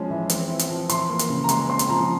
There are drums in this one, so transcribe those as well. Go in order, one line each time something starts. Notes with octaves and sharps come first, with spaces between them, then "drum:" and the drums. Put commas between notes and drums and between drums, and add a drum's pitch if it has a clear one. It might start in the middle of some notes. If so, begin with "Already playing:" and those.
Already playing: F3 G#3 C#4
E3
C4, drum: hi-hat
E4
drum: hi-hat
F3
E3 C6, drum: hi-hat
A#3
drum: hi-hat
C#3
A#5
G#3 C6, drum: hi-hat
C4 C6
drum: hi-hat
F3 A#5